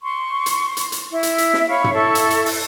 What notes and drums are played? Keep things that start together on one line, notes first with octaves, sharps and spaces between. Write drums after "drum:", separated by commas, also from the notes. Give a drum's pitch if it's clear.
C6 C#6
drum: hi-hat
drum: hi-hat
drum: hi-hat
E4 E5
drum: hi-hat
drum: hi-hat
drum: snare
C#5 F5 B5 C#6
drum: tom
E4 A4 C#6
drum: hi-hat
drum: hi-hat
drum: open hi-hat